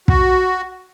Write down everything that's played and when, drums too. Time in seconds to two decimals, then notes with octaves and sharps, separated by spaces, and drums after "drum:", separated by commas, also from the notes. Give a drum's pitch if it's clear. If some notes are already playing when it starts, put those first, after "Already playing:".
0.08 F#4, drum: kick